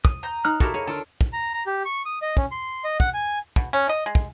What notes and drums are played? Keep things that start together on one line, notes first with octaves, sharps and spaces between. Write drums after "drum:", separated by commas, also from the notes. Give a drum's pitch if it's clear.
D#6, drum: kick
A#5 G6
D#4 F6 F#6
A#3 E4 F#4 G4 A4 A#4, drum: kick
G#4 C#5
D3 D4 F4 A4 A#4
drum: kick
A#5
A#5
G4
C#6
D#6
D#5
C#4, drum: kick
C6
D#5
F#5, drum: kick
G#5
B2, drum: kick
C#4
D#5
G#3
drum: kick